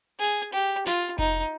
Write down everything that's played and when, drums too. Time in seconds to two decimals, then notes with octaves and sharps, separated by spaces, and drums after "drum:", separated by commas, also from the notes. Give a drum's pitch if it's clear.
0.19 G#4, drum: hi-hat
0.53 G4, drum: hi-hat
0.86 F4, drum: snare
1.19 D#4, drum: kick F1, hi-hat